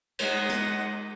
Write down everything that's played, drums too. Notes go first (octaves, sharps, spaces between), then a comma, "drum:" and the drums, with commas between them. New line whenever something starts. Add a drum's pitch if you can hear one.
G#3 D#4 F#5 D#6 A#6, drum: cymbal
drum: hi-hat